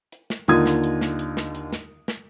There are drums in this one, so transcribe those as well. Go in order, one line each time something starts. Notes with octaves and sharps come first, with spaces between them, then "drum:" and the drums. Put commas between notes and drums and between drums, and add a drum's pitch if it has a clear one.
drum: hi-hat
drum: snare
D#2 D3 D#4 F4 D#6 G#6, drum: hi-hat
drum: snare
drum: hi-hat
drum: snare
drum: hi-hat
drum: snare
drum: hi-hat
drum: snare
drum: snare